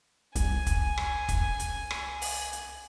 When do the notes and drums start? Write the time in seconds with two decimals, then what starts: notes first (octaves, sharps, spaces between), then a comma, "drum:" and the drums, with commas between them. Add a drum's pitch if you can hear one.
0.35 C2 G#5, drum: kick, hi-hat
0.66 drum: kick, hi-hat
0.98 drum: rim click
1.29 drum: kick, hi-hat
1.60 drum: hi-hat
1.91 drum: rim click
2.22 drum: open hi-hat
2.53 drum: hi-hat